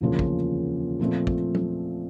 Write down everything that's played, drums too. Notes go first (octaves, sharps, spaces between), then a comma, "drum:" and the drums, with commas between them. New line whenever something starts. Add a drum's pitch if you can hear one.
E1 D2 C#3 F3 A#3
drum: kick
A#2 F3 A3 C4
drum: kick
drum: tom F#3